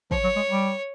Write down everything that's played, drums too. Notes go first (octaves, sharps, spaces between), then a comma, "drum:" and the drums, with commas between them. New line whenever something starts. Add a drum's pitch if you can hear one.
F3 C#5, drum: kick
F#3
G#3
G3